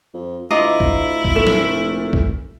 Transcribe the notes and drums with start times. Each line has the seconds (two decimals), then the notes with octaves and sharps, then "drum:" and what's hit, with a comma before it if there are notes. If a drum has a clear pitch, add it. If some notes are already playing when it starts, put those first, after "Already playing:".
0.14 F2
0.51 D2 E4 F4 D#5 A#5 D6
0.80 drum: kick
1.25 drum: kick
1.35 F1 A#2 A3 E7
1.47 drum: snare
2.13 drum: kick